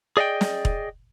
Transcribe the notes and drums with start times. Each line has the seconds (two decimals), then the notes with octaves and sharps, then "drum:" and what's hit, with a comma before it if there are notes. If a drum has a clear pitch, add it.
0.17 G#4 D5 D#5 F5 G5
0.41 drum: snare
0.65 drum: kick E1